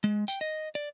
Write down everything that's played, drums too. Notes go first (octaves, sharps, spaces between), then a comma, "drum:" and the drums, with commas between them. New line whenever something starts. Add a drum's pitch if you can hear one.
G#3
G5, drum: tambourine
D#5
D5